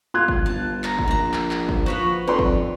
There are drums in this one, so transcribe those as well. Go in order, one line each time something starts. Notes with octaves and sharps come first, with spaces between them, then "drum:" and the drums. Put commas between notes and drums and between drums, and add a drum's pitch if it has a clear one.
F4 C6 F#6 G#6
drum: kick G1
G1 A5
A#5, drum: clap
drum: kick G1
A#1 D4 A#5
drum: clap
drum: clap
drum: kick G1
F3 F#4 B4 C#5
F2 B4 C#5 D5 C6
drum: kick G1